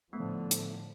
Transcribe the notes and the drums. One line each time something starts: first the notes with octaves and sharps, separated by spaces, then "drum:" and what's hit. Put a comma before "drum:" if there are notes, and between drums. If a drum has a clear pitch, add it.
A2 D3 F3 A3 B3
drum: hi-hat